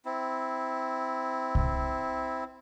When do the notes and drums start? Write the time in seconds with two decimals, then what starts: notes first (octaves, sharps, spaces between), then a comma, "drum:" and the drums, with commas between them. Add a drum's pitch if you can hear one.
0.05 C4 E4
1.55 drum: kick C2